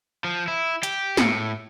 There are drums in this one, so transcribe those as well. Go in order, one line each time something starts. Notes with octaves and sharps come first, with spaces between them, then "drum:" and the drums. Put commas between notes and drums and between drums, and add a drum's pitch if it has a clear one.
F3
E4
G4, drum: hi-hat
A2, drum: snare